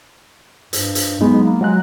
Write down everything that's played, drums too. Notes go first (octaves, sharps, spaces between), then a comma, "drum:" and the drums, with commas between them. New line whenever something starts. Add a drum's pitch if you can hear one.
G2, drum: hi-hat
drum: hi-hat
F#3 G#3 B3 D#4
A#3
F#3 G#3 F#4 F#6